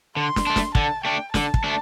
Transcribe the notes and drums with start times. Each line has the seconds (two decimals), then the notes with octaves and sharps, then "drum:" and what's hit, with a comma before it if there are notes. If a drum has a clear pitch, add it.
0.17 D3 C6
0.36 drum: snare
0.47 A3 D4
0.56 drum: snare
0.75 D3 A5, drum: kick
1.04 A3 D4 G5
1.34 D3 A5, drum: snare
1.54 drum: kick
1.64 A3 D4